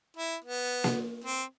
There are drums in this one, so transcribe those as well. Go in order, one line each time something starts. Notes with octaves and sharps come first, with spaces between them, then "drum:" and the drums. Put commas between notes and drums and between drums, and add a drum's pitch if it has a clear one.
E4
B3
drum: snare A#3
C4